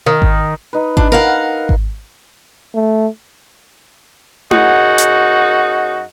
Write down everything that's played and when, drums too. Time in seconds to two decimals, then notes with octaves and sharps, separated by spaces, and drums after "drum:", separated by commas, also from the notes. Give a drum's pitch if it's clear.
0.06 D#3
0.22 drum: kick G#1
0.73 D#4 B4
0.97 D4, drum: kick G#1
1.12 A#4 F5 F#5
1.69 drum: kick G#1
2.75 A3
4.51 F#2 D#4 F#4 G#4 F#5, drum: tom E4
4.98 drum: hi-hat